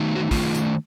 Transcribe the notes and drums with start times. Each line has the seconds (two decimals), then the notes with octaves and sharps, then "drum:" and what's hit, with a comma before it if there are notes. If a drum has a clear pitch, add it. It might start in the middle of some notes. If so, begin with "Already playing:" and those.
Already playing: D#3 A3 D#4
0.15 F#4
0.31 D#3 A3 D#4 F4, drum: kick, open hi-hat
0.54 drum: hi-hat